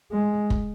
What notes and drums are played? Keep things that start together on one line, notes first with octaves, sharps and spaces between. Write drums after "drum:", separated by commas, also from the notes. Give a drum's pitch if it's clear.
G#3
drum: kick